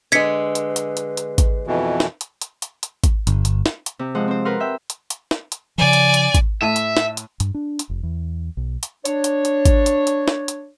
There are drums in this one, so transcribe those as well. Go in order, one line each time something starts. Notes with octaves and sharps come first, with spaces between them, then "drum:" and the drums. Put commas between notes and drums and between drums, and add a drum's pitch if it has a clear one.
D3 G#3 B4 G#6 B6 C#7
drum: hi-hat
drum: hi-hat
drum: hi-hat
drum: hi-hat
drum: kick G#1, hi-hat
F2 B2 E3
drum: snare
drum: hi-hat
drum: hi-hat
drum: hi-hat
drum: hi-hat
drum: kick G#1, hi-hat
G1, drum: hi-hat
drum: hi-hat
drum: snare
drum: hi-hat
C3
F3 G#3 C5 F#5
C4 C5
A#4 B4 F#5 C6 F6
E5 G5
drum: hi-hat
drum: hi-hat
drum: snare
drum: hi-hat
C#3 F3 D5 G#5
drum: hi-hat
drum: hi-hat
drum: kick G#1, hi-hat
A2 E5 A5 D#7
drum: hi-hat
drum: snare
drum: hi-hat
G2, drum: hi-hat
D4
drum: hi-hat
F1
E2
B1
drum: hi-hat
D4 C#5, drum: hi-hat
drum: hi-hat
drum: hi-hat
drum: kick G#1, hi-hat
drum: hi-hat
drum: hi-hat
drum: snare
drum: hi-hat